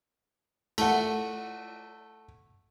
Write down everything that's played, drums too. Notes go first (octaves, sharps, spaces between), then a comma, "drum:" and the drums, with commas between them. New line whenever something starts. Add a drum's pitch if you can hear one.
A3 F#5, drum: cymbal